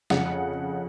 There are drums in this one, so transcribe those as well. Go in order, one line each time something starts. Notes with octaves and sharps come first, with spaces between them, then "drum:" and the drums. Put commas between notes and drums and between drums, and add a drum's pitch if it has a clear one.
F2 C#3 F#5, drum: snare